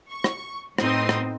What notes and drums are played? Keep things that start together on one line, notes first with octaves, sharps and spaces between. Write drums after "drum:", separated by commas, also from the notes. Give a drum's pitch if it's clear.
C#6
drum: rim click
A2 B3 C4 D#4 C6 D#6, drum: rim click
drum: rim click